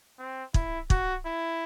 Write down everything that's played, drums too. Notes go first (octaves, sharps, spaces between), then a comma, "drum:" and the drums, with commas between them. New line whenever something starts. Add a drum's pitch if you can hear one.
C4
E4, drum: kick
F#4, drum: kick
E4